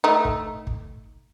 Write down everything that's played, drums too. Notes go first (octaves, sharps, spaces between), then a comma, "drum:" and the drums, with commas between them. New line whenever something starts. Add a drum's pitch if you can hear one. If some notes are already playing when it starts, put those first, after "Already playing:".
A3 D#4
drum: kick
drum: kick